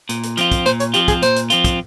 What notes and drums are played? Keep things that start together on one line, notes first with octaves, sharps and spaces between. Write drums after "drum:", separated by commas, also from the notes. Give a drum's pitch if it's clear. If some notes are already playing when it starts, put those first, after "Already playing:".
A#2, drum: hi-hat
drum: hi-hat
F3 C4 F4, drum: hi-hat
drum: kick, hi-hat
A#2 C5, drum: hi-hat
C#5, drum: hi-hat
F3 C4 F4 G4, drum: hi-hat
G#4, drum: kick, hi-hat
A#2 C5, drum: hi-hat
drum: hi-hat
F3 C4 F4, drum: hi-hat
drum: kick, hi-hat